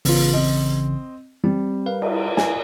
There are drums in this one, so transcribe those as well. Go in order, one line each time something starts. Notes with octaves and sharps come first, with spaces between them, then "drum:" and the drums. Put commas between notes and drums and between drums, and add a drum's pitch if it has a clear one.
A1 C#3 E3 B3 F4, drum: open hi-hat
C4 D#5
G3 C4
A#4 B4 F5
drum: cymbal
G#5, drum: snare